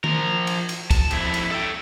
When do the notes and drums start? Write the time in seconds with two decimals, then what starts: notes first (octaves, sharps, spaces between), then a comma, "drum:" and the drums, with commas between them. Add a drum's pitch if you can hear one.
0.04 F3 A#4, drum: tom D#3
0.47 drum: cymbal
0.69 drum: cymbal
0.91 A5, drum: kick, cymbal
1.11 F2 E4, drum: cymbal
1.34 drum: cymbal
1.51 A4 G5